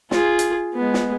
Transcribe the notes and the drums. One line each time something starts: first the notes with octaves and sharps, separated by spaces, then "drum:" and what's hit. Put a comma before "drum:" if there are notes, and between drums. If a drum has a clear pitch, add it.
F4 G#4, drum: snare
drum: hi-hat
G#3 B3
drum: snare